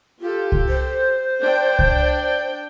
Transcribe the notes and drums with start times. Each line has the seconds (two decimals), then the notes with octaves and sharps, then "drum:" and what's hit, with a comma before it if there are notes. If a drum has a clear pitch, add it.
0.21 F4 G4 A4
0.52 drum: kick C2
0.69 C5
1.41 D4 G5
1.79 drum: kick C2